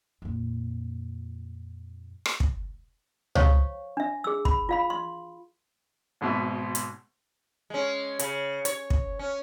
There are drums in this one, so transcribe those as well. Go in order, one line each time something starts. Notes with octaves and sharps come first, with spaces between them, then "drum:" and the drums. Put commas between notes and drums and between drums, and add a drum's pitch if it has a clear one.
F2 A#2
drum: rim click
drum: kick
C5 C#5 F5 C#6, drum: tom C#2
D4 E5
G#4 E6
B5, drum: kick
F4 F5 B5
C6
G#1 G#2 B2 E5
drum: hi-hat
G#3 C#4
C#3, drum: hi-hat
C#5, drum: hi-hat
drum: kick
C#4